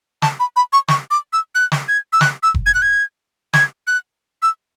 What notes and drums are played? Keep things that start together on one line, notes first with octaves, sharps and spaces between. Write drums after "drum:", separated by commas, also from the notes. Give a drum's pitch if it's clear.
A5, drum: snare
B5
B5
C#6
C#6, drum: snare
D6
E6
F#6
drum: snare
G#6
E6
F#6, drum: snare
E6
drum: kick F1
G#6
F#6
G#6
G#6, drum: snare
F#6
E6